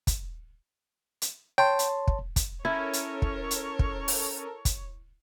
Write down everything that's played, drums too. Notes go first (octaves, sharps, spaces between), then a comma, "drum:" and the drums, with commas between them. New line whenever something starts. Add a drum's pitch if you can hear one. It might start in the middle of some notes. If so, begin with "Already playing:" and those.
drum: kick, hi-hat
drum: hi-hat
C#5 G5 A5 C6
drum: hi-hat
drum: kick
drum: kick, hi-hat
C#4 E4 A4 A#4 C#5
drum: hi-hat
drum: kick
drum: hi-hat
drum: kick
drum: open hi-hat
drum: kick, hi-hat